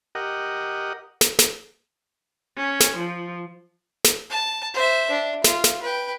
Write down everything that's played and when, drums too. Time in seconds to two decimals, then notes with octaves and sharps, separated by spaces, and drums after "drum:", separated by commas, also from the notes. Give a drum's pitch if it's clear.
0.15 G4 A#4 D#5 F#5
1.21 drum: snare
1.39 drum: snare
2.57 C#4
2.80 drum: snare
2.97 F3
4.04 drum: snare
4.29 A5
4.74 C5 E5
5.11 D4
5.44 F4, drum: snare
5.64 drum: snare
5.82 B4 G5